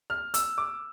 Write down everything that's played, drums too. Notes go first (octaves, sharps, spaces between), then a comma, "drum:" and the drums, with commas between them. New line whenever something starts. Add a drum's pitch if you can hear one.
F6
E6, drum: hi-hat
D6